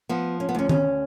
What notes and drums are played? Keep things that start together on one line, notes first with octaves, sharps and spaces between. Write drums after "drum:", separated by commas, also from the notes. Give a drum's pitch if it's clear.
F3 B3
C#4
B3
D2 C#4
C#4, drum: tom D#3